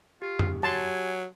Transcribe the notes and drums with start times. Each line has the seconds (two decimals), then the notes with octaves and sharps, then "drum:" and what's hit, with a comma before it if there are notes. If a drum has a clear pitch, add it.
0.22 F4 G4
0.39 drum: tom F2
0.63 F#3 G#5 A5 C6